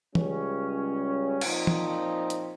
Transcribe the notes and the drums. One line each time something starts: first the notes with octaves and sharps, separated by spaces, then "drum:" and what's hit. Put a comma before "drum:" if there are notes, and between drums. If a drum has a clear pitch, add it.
C#2 C#3 G3 C#4, drum: tom E3
A#2 F3 C4 D#4, drum: cymbal
drum: tom E3
drum: hi-hat